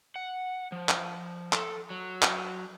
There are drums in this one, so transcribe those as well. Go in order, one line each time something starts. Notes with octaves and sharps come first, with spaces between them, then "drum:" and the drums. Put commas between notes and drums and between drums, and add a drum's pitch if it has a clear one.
F#5
F3
drum: clap
A4, drum: clap
F#3
drum: clap